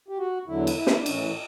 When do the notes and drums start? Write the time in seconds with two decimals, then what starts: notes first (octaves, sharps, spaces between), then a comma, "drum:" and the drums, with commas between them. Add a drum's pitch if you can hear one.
0.08 G4
0.18 F#4
0.47 E2 D3 F#3 E4
0.67 drum: cymbal
0.76 E4
0.87 drum: snare
0.97 D4
1.06 A2 E3 C#4, drum: cymbal